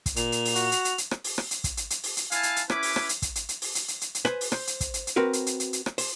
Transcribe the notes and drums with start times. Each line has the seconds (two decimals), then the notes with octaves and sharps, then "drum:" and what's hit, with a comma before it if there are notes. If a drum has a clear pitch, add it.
0.06 drum: kick, hi-hat
0.16 A#2 F7, drum: hi-hat
0.32 drum: hi-hat
0.45 drum: open hi-hat
0.56 F#4, drum: hi-hat
0.72 drum: hi-hat
0.85 drum: hi-hat
0.98 drum: hi-hat
1.11 drum: rim click
1.24 drum: open hi-hat
1.38 drum: rim click
1.51 drum: hi-hat
1.64 drum: kick, hi-hat
1.77 drum: hi-hat
1.90 drum: hi-hat
2.04 drum: open hi-hat
2.17 drum: hi-hat
2.31 E4 F5 G#5 A5, drum: hi-hat
2.43 drum: hi-hat
2.56 drum: hi-hat
2.70 C#4 E4 B4 D6, drum: rim click
2.83 drum: open hi-hat
2.96 drum: rim click
3.09 drum: hi-hat
3.22 drum: kick, hi-hat
3.35 drum: hi-hat
3.49 drum: hi-hat
3.62 drum: open hi-hat
3.75 drum: hi-hat
3.88 drum: hi-hat
4.01 drum: hi-hat
4.15 drum: hi-hat
4.25 B4 C5 G#5, drum: rim click
4.41 drum: open hi-hat
4.52 C5, drum: rim click
4.67 drum: hi-hat
4.81 drum: kick, hi-hat
4.94 drum: hi-hat
5.07 drum: hi-hat
5.16 C4 F#4 A#4 B4
5.33 drum: hi-hat
5.46 drum: hi-hat
5.60 drum: hi-hat
5.73 drum: hi-hat
5.86 drum: rim click
5.98 C5, drum: open hi-hat